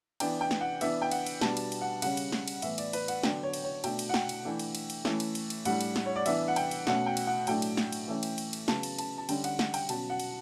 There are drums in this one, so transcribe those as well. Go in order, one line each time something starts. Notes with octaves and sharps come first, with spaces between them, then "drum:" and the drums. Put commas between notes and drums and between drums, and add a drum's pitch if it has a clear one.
E3 B3 D4 G5, drum: cymbal
G5
drum: snare
F#5
E3 B3 D4 E5, drum: cymbal
G5
F#5, drum: cymbal
drum: cymbal
B2 G3 B3 D4 A5, drum: snare
drum: cymbal
drum: cymbal
F#5
C#3 G3 C#4 F#5, drum: cymbal
drum: cymbal
drum: snare
drum: cymbal
A2 E3 B3 E5, drum: cymbal
D5, drum: cymbal
B4, drum: cymbal
F#5, drum: cymbal
D3 F#3 B3 D4 G5, drum: snare
C#5
drum: cymbal
C#5
B2 A3 D4 G5, drum: cymbal
drum: cymbal
F#5
G5, drum: snare
drum: cymbal
E3 A3 D4
drum: cymbal
drum: cymbal
drum: cymbal
E3 A3 C#4, drum: snare
drum: cymbal
drum: cymbal
drum: cymbal
A2 G3 D4 F#5, drum: cymbal
drum: cymbal
drum: snare
C#5
D5
E3 B3 D4 E5, drum: cymbal
F#5
G5, drum: cymbal
drum: cymbal
B2 A3 C#4 F#5, drum: snare
G5
drum: cymbal
F#5
A2 F#3 A3 D4 G5, drum: cymbal
drum: cymbal
drum: snare
drum: cymbal
E3 A3 C#4
drum: cymbal
drum: cymbal
drum: cymbal
C#3 F#3 B3 A5, drum: snare
drum: cymbal
A5, drum: cymbal
A5
D3 G3 C#4 G5, drum: cymbal
F#5, drum: cymbal
F#5, drum: snare
G5, drum: cymbal
B2 F#3 C#4 A5, drum: cymbal
F#5
drum: cymbal